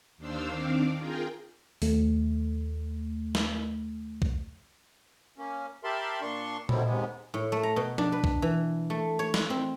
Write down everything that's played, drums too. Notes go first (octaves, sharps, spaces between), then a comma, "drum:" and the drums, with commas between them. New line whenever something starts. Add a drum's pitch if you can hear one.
D#2 D#3 D4 C5 F5 E6
D#3 C4 D4 D5 F5
F4 G#4 A#4 G5
D#2 A3, drum: open hi-hat
drum: snare
drum: kick B1
A#3 C#4
G4 A#4 E5 A5 B5 C6
A#2 D4 C6 C#6
B2 D3 F#3 G3 C4 E4, drum: tom A#2
D#2 G#2 C3 G#3 B3
A2
A3
A#5
B2
D4, drum: tom F3
B4
drum: kick B1
E3
A3
C#5
C6, drum: snare
C4